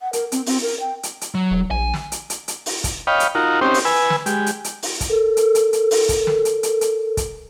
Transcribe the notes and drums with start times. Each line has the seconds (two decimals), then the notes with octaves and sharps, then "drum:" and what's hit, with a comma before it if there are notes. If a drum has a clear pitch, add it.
0.01 F#5
0.13 A#4, drum: hi-hat
0.32 C4, drum: hi-hat
0.46 C4, drum: open hi-hat
0.62 A#4
0.80 G5
1.03 drum: hi-hat
1.21 drum: hi-hat
1.35 F#3
1.51 E1
1.71 A#1 G#5
1.94 drum: snare
2.12 drum: hi-hat
2.30 drum: hi-hat
2.48 drum: hi-hat
2.66 drum: open hi-hat
2.84 drum: kick, hi-hat
3.07 C#5 D#5 F5 G5 B5
3.20 drum: hi-hat
3.35 D#4 F4 F#4 A#4
3.61 C4 C#4 D#4 G4 C5
3.74 drum: open hi-hat
3.85 B4 G#5 E6
4.10 drum: snare
4.26 G#3 G4, drum: hi-hat
4.46 drum: hi-hat
4.64 drum: hi-hat
4.83 drum: open hi-hat
5.01 drum: kick, hi-hat
5.10 A4 A#4
5.37 drum: hi-hat
5.55 drum: hi-hat
5.73 drum: hi-hat
5.91 drum: open hi-hat
6.09 drum: kick, hi-hat
6.27 drum: snare
6.45 drum: hi-hat
6.63 drum: hi-hat
6.81 drum: hi-hat
7.17 drum: kick, hi-hat